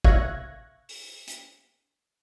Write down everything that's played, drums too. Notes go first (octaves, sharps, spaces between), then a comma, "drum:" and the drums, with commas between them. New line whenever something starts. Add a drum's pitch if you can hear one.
E5 F5 C#6 F#6 G#6 A#6, drum: kick
drum: open hi-hat
drum: hi-hat